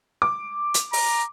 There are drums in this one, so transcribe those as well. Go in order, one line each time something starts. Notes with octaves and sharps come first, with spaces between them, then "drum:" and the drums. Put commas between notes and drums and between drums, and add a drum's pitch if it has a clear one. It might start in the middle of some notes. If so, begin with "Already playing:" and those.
D6
drum: hi-hat
A#5, drum: open hi-hat